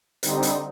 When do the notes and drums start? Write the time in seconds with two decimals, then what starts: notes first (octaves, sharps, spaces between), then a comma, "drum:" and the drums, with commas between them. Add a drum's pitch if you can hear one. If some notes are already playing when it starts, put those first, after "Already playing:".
0.23 D3 G3 C4 D#4, drum: hi-hat
0.43 drum: hi-hat